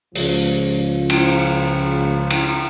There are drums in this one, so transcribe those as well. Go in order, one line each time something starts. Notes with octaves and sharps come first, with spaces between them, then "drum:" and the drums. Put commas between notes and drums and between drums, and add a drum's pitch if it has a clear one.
C#2 F3, drum: open hi-hat
drum: cymbal
drum: cymbal